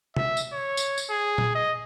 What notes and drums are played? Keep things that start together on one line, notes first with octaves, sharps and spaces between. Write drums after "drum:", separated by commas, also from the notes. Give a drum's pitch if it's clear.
E5, drum: tom C3
drum: tambourine
C#5
drum: tambourine
drum: tambourine
G#4
drum: tom A#2
D#5